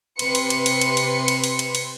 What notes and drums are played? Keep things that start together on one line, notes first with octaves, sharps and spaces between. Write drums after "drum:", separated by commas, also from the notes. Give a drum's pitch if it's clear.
C3 B4 C6 C#7, drum: cymbal
drum: cymbal
drum: cymbal
drum: cymbal
drum: cymbal
drum: cymbal
drum: cymbal
drum: cymbal
drum: cymbal
drum: cymbal